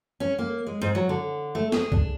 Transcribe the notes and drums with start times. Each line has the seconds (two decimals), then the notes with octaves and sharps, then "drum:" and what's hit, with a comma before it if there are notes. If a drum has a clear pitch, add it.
0.20 C#4
0.38 A#3
0.67 G#3
0.81 G#2
0.95 F#3
1.09 D3
1.55 A3
1.72 G#4, drum: snare
1.92 D4, drum: kick C2